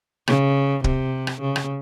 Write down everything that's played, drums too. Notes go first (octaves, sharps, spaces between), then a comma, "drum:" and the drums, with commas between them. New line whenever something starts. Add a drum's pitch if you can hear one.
C#3, drum: rim click
C3, drum: kick
drum: rim click
C#3
drum: rim click